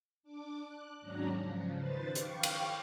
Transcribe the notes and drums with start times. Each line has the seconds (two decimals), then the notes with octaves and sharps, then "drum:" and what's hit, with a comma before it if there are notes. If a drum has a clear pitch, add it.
0.23 D4 D6
0.65 F#6
1.01 D#2 G#2 F#3 C#4 D4 A#5
1.37 C#3 F3
1.78 D#3 B4 C5 A6
2.15 F5 G5 C#6 D6, drum: hi-hat
2.43 drum: cymbal